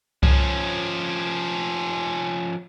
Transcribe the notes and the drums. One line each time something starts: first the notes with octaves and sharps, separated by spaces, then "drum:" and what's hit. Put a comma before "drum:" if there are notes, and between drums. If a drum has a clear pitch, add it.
F3 C#4, drum: kick C2